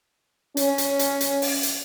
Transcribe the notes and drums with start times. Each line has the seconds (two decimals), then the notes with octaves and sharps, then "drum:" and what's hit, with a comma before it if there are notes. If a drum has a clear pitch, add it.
0.57 C#4, drum: hi-hat
0.78 drum: hi-hat
0.99 drum: hi-hat
1.21 drum: hi-hat
1.42 drum: open hi-hat
1.63 drum: hi-hat